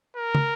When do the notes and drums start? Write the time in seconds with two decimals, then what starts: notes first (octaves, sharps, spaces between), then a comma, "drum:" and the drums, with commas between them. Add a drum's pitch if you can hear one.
0.16 A#4
0.35 drum: tom